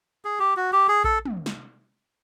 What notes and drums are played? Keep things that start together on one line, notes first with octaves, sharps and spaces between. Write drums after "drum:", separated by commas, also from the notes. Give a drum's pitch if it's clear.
G#4
G4
F#4
G4
G#4
A4, drum: kick A#1
drum: tom
drum: snare